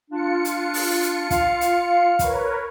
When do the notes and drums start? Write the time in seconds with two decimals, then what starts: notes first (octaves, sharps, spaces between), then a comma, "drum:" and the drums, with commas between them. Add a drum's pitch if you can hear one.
0.11 D4 F4 C#7
0.45 drum: hi-hat
0.74 drum: open hi-hat
1.03 drum: hi-hat
1.30 F5, drum: kick, hi-hat
1.61 drum: hi-hat
2.19 A#4 B4 C#5, drum: kick, hi-hat